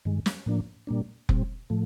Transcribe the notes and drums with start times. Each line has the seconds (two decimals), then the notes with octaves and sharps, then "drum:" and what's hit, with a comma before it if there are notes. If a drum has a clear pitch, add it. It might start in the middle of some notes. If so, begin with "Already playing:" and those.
0.05 G2 D#3 G#3
0.26 drum: snare
0.46 A2 F3 A#3 D4
0.87 A#2 G3 A#3 D4
1.29 A#2 G3 C4, drum: kick F1
1.70 A2 F3 A3